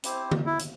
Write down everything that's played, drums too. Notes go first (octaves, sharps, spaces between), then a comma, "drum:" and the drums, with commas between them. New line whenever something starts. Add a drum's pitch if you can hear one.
C4 E4 G4 C5, drum: hi-hat
drum: tom D3
E4
drum: hi-hat